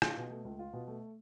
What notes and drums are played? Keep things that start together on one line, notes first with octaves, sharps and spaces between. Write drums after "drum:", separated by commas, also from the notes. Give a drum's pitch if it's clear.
F4, drum: rim click
B2
A3
C#2
F4
B2
A3